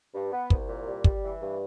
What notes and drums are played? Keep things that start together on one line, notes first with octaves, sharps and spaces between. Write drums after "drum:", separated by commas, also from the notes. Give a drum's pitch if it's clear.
G2
B3
C2, drum: kick
A#2
G3
G3, drum: kick
E3
G2